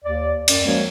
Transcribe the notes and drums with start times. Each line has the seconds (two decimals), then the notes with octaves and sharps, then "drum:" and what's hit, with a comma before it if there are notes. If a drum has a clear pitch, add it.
0.04 D#2 D5
0.48 F#2 D5, drum: cymbal
0.66 F3 G#3 A#3 F#4 A#4 C#5